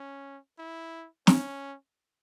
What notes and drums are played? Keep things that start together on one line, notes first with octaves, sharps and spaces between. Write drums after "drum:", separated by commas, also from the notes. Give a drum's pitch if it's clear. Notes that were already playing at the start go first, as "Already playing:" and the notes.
Already playing: C#4
E4
C#4, drum: snare